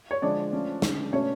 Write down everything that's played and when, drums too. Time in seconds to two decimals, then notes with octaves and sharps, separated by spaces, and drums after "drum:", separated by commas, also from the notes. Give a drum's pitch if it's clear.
0.11 C#5
0.22 D3 F3 G#3 D4 D5
0.53 F3 A3 C#4
0.82 D3 G#3 C#4, drum: snare
1.13 B2 A3 C#4 D4 C#5